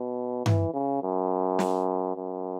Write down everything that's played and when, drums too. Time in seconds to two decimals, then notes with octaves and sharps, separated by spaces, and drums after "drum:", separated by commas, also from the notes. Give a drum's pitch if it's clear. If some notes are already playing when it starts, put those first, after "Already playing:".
Already playing: B2
0.46 E3, drum: tom G2
0.74 C#3
1.03 F#2
1.59 drum: snare
2.16 F#2